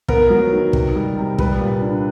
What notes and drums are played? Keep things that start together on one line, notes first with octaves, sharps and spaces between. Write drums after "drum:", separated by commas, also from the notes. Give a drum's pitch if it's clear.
B3 A#4, drum: kick
F#3
D#3
C3, drum: kick
G3
C3
G3 B4, drum: kick
A#2
D4